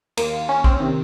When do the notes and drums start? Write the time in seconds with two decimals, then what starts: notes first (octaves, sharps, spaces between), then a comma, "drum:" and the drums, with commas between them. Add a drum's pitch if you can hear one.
0.17 D#2 D#3 A#3, drum: cymbal
0.49 C#4
0.64 C4, drum: kick
0.80 C3 D#3